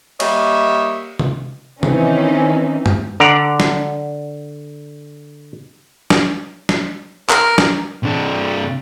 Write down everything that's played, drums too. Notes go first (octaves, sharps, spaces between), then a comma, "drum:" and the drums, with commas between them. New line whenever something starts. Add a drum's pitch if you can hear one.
G3 A#3 C#5 D#5 E5, drum: cymbal
drum: tom C3
D#3 E3 C4 C#4 D#4, drum: tom C3
drum: tom F#2
D3 D5 F#5 A#5
drum: snare
drum: snare
drum: snare
A#4, drum: clap
drum: snare
C3 D4